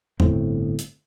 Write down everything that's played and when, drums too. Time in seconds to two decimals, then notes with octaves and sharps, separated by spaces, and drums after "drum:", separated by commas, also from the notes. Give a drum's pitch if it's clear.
0.20 G1 A2 C4, drum: tom E2
0.79 drum: hi-hat